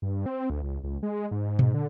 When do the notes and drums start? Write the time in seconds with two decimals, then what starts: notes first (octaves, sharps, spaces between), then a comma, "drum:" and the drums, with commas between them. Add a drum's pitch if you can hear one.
0.02 G2
0.26 C4
0.50 D2
0.63 C#2
0.84 C#2
1.03 G#3
1.31 G#2
1.59 drum: tom A#2
1.74 D3